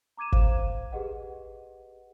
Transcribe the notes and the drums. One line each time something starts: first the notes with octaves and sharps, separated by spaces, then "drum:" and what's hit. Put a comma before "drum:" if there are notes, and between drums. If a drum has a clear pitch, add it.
A#5 D6 G#6 D#7 E7
C5 F5, drum: kick G1
G4 G#4 B4 D#5 F#5